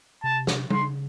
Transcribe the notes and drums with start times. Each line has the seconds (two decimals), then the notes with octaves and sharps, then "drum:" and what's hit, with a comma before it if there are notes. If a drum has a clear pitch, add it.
0.24 C3 A5
0.47 drum: snare
0.70 C#3 C6, drum: tom G3